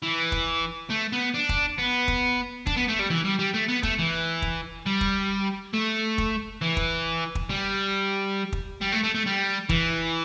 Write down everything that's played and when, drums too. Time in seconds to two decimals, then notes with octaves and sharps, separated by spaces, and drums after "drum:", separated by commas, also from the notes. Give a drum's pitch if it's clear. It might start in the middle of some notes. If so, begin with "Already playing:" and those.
0.03 E3
0.32 drum: kick
0.90 A3
1.13 B3
1.34 D4
1.49 drum: kick
1.78 B3
2.08 drum: kick
2.67 D4, drum: kick
2.77 B3
2.88 A3
2.99 G3
3.10 E3
3.25 G3
3.39 G3
3.54 A3
3.69 B3
3.83 A3, drum: kick
3.99 E3
4.42 drum: kick
4.86 G3
5.01 drum: kick
5.74 A3
6.18 drum: kick
6.62 E3
6.77 drum: kick
7.35 drum: kick
7.50 G3
8.52 drum: kick
8.81 G3
8.92 A3
9.04 A3
9.15 A3
9.26 G3
9.69 E3, drum: kick